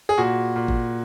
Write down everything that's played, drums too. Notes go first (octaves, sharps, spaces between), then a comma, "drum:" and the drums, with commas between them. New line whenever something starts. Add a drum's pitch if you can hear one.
G#4
A#2 F#4
A#2
drum: kick G#1